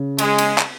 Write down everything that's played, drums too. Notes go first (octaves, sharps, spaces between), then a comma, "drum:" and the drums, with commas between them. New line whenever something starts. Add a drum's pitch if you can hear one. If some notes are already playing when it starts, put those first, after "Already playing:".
Already playing: C#3
G#3, drum: cymbal
drum: cymbal
drum: clap